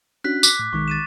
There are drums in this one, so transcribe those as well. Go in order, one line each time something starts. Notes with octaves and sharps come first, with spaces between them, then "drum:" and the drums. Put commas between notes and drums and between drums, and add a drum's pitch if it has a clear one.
C#4 D4 F#4 F#6 B6
D6 F#6 B6, drum: tambourine
A2
B1 D#3 G#3 C#6
A6 D#7 E7